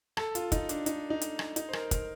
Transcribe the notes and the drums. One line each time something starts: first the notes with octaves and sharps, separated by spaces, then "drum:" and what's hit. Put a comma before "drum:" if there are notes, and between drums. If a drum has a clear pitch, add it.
A4, drum: rim click
F4, drum: hi-hat
D#4, drum: kick, hi-hat
D4, drum: hi-hat
D#4, drum: hi-hat
D#4
drum: hi-hat
drum: rim click
D#4, drum: hi-hat
C5
A#4, drum: rim click
A#4, drum: kick, hi-hat